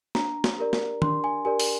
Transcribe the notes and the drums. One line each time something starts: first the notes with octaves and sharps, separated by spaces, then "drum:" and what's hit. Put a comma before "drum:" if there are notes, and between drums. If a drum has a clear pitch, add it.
D4 A#5, drum: snare
drum: snare
G4 A#4 D5
drum: snare
D4 C6, drum: tom
G#5
G4 A#4 D5 G#5
drum: open hi-hat